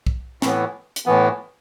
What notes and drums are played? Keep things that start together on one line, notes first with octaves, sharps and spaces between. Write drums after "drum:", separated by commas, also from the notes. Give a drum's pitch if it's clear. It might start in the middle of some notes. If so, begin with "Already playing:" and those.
drum: kick
A2 E3 B3, drum: snare
drum: hi-hat
A2 E3 B3